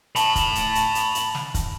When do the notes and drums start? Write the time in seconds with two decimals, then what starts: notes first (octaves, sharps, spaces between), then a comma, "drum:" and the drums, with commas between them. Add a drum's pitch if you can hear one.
0.16 A5 B5, drum: hi-hat
0.36 drum: kick, hi-hat
0.55 drum: hi-hat
0.75 drum: hi-hat
0.95 drum: hi-hat
1.15 drum: hi-hat
1.35 drum: snare
1.54 drum: kick, hi-hat